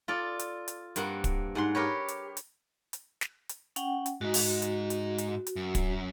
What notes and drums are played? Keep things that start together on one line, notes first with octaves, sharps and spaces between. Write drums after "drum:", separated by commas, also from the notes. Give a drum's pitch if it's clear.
F4 A4 D5
drum: hi-hat
drum: hi-hat
G2 A#3 C4 F#5, drum: hi-hat
drum: kick, hi-hat
G#2 F#5 C6
G4 A#4 B4 C#5
drum: hi-hat
drum: hi-hat
drum: hi-hat
drum: snare
drum: hi-hat
C#4 F#5 G5, drum: hi-hat
drum: hi-hat
G#2 D#4 F#4
drum: open hi-hat
drum: hi-hat
drum: hi-hat
drum: hi-hat
drum: hi-hat
F#2
drum: kick, hi-hat